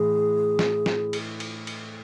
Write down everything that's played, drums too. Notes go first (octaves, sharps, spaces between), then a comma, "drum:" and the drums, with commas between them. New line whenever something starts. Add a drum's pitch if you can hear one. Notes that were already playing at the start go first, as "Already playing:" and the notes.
Already playing: A2 E3 G#4
drum: snare
drum: snare
drum: cymbal
drum: cymbal
drum: cymbal